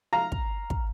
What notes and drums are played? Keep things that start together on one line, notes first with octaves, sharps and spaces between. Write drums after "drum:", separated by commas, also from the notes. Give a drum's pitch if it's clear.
F5 A#5
drum: kick
drum: kick